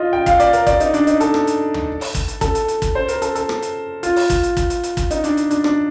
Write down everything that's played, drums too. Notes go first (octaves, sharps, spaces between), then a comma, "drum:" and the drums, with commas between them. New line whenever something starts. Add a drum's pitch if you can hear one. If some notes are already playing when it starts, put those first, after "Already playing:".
Already playing: F4 D#5
G5
F5, drum: kick, hi-hat
D5, drum: hi-hat
A#4, drum: hi-hat
D5, drum: kick, hi-hat
D#4, drum: hi-hat
D4, drum: hi-hat
D#4, drum: hi-hat
A4, drum: hi-hat
drum: rim click
drum: hi-hat
drum: tom D#2
drum: open hi-hat
drum: kick, hi-hat
drum: hi-hat
A4, drum: kick, hi-hat
drum: hi-hat
drum: hi-hat
drum: kick, hi-hat
C5
A#4, drum: hi-hat
A4, drum: hi-hat
A4, drum: hi-hat
drum: rim click
drum: hi-hat
F4, drum: hi-hat
drum: open hi-hat
drum: kick, hi-hat
drum: hi-hat
drum: kick, hi-hat
drum: hi-hat
drum: hi-hat
drum: kick, hi-hat
D#4, drum: hi-hat
D4, drum: hi-hat
drum: hi-hat
D4, drum: hi-hat
D4, drum: rim click